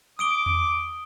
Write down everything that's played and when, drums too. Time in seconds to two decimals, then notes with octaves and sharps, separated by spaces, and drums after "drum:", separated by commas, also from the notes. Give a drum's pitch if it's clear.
0.19 D6 D#6 D7 G7
0.46 drum: tom E2